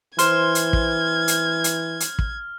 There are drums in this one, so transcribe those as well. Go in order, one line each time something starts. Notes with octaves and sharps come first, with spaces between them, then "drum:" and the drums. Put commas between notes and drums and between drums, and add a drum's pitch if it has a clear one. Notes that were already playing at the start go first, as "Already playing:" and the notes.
E3 C5 F6 G#6, drum: hi-hat
drum: hi-hat
drum: kick
drum: hi-hat
drum: hi-hat
drum: hi-hat
drum: kick